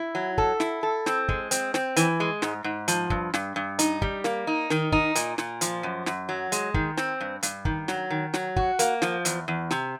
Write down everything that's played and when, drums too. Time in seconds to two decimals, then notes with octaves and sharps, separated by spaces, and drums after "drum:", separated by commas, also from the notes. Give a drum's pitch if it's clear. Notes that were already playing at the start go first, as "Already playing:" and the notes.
Already playing: E4
0.15 F#3
0.38 A4, drum: kick
0.60 E4, drum: snare
0.83 A4
1.06 C4, drum: snare
1.29 G#3, drum: kick
1.51 C4, drum: hi-hat
1.74 C4, drum: snare
1.96 E3, drum: hi-hat
2.20 G#3
2.42 G#2, drum: snare
2.64 G#2
2.88 F3, drum: hi-hat
3.10 G2, drum: kick
3.34 G2, drum: snare
3.56 G2
3.79 D#4, drum: hi-hat
4.02 G3, drum: kick
4.24 A#3, drum: snare
4.47 D#4
4.70 D#3, drum: snare
4.92 D#4, drum: kick
5.15 A#2, drum: hi-hat
5.38 A#2, drum: snare
5.61 F3, drum: hi-hat
5.83 F#2
6.06 F#2, drum: snare
6.29 F#3
6.52 G#3, drum: hi-hat
6.74 D#3, drum: kick
6.97 C4, drum: snare
7.21 G2
7.43 G2, drum: hi-hat
7.65 D#3, drum: kick
7.88 F#3, drum: snare
8.10 D#3
8.34 F#3, drum: snare
8.56 F#4, drum: kick
8.79 A#3, drum: hi-hat
9.02 F3, drum: snare
9.25 E2, drum: hi-hat
9.48 E2
9.71 C3, drum: snare